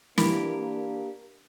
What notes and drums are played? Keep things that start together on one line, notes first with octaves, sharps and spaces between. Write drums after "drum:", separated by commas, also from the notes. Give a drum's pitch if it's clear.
E3 A#3 D4 G4 A#4 B5, drum: snare